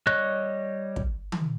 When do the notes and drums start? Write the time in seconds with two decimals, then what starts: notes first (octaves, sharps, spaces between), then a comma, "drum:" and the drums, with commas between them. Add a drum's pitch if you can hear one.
0.07 G3 C#5 D#5 C#6 F#6
0.96 drum: kick
1.32 drum: tom D#3